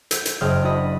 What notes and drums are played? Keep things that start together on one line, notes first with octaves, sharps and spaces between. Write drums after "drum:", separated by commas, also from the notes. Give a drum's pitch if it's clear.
E6 G6, drum: hi-hat
drum: hi-hat
F#1 C5 D#5 G5 D6 F6
D4 E4 F#4 D#5 B5